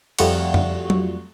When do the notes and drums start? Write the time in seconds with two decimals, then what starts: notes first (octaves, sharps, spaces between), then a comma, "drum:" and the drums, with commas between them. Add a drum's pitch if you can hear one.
0.19 F2 G3 A3 F4 F#4 C#6, drum: cymbal
0.54 drum: tom F2
0.90 drum: tom F#3